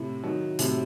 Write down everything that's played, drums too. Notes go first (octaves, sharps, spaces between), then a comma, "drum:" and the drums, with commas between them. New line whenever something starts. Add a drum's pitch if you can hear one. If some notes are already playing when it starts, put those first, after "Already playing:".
Already playing: A2 C3
D#3 F#3
A2 C3, drum: hi-hat